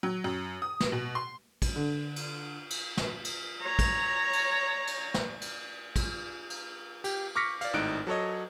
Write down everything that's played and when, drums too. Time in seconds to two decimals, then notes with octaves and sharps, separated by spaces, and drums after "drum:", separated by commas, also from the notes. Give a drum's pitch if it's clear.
0.03 F#3
0.24 F#2
0.62 D#6
0.80 drum: snare
0.92 B2
1.15 C6
1.62 drum: kick, cymbal
1.76 D3
2.16 drum: cymbal
2.70 drum: cymbal
2.97 drum: snare
3.25 drum: cymbal
3.62 C#5 A#5
3.79 drum: kick, cymbal
4.33 drum: cymbal
4.87 drum: cymbal
5.14 drum: snare
5.41 drum: cymbal
5.96 drum: kick, cymbal
6.50 drum: cymbal
7.04 G4, drum: cymbal
7.35 C#6 D6 F6 A#6 B6 C#7
7.61 D5 F5, drum: cymbal
7.73 G#1 A2 D#4 F#6 D7
8.07 F#3 A4 C#5 D#5